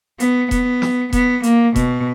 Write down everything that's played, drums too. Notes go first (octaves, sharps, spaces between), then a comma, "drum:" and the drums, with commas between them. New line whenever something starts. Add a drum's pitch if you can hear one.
B3, drum: hi-hat
B3, drum: kick E1, hi-hat
drum: snare
B3, drum: kick E1, hi-hat
A#3, drum: hi-hat
B2, drum: kick E1, hi-hat